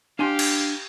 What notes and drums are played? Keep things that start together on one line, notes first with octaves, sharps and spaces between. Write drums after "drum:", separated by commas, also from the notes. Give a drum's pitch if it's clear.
D4 G4 F5 G#5 C6
drum: cymbal